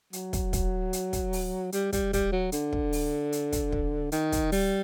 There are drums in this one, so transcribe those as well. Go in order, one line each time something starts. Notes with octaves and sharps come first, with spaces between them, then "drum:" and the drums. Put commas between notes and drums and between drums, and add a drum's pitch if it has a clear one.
F#3, drum: hi-hat
drum: kick, hi-hat
drum: kick, hi-hat
drum: hi-hat
drum: kick, hi-hat
drum: open hi-hat
G3, drum: hi-hat
G3, drum: kick, hi-hat
G3, drum: kick, hi-hat
F#3
D3, drum: hi-hat
drum: kick
drum: open hi-hat
drum: hi-hat
drum: kick, hi-hat
drum: kick
D#3, drum: hi-hat
drum: kick, hi-hat
G3, drum: open hi-hat